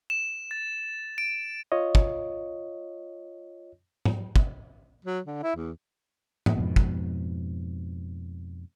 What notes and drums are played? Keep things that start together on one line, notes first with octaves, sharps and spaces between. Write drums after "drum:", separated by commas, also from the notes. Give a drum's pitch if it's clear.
E7
A6
D7
F4 C#5 D#5
drum: kick
drum: tom G#2
drum: kick
F#3
D3
E4
E2
drum: tom G#2
F2 G#2 B2
drum: kick